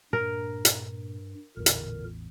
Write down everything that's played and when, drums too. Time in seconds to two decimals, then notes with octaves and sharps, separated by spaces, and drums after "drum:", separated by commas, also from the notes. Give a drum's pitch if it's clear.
0.13 G2 A#2 D4 A#4
0.65 drum: hi-hat
1.57 A1 E2 A#2 D3 A#4
1.66 drum: hi-hat